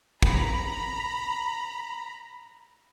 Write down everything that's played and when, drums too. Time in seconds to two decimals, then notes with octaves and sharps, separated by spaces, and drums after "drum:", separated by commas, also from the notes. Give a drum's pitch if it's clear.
0.22 A#5 B5, drum: kick